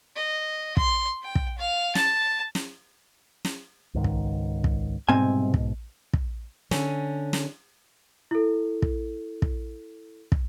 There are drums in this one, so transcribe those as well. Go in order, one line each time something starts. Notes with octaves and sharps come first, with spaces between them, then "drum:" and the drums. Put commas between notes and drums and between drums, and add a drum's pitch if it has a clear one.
D#5
C6, drum: kick
G5
drum: kick
F5
A5, drum: snare
drum: snare
drum: snare
C#2 G#2 D#3
drum: kick
drum: kick
C2 G#2 B2 C4 G#5
drum: kick
drum: kick
D3 C#4, drum: snare
drum: snare
E4 A4
drum: kick
drum: kick
drum: kick